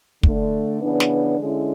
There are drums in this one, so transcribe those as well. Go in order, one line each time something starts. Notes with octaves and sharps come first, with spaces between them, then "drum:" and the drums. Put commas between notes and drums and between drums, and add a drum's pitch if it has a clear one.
D3 A3 D4, drum: kick
C#3 E3 B3 D4
drum: snare
D3 G#3 C#4 E4